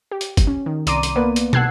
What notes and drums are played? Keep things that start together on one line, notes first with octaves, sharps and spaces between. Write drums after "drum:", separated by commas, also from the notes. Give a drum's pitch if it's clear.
G4
drum: hi-hat
drum: kick, hi-hat
C#4
D#3
C2 D5 A#5 C6 D6 D#7, drum: hi-hat
drum: hi-hat
A#3 B3 B4 D5
drum: hi-hat
F#5 A5 E6 F#6 G#6 C7, drum: tom